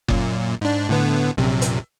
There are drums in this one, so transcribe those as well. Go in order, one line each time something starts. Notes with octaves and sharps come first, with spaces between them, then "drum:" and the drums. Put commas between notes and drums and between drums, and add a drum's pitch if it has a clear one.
F#2 A#2, drum: kick F#1
G#2 D4
A2 D3 B3
A#1 F#2 C3
drum: hi-hat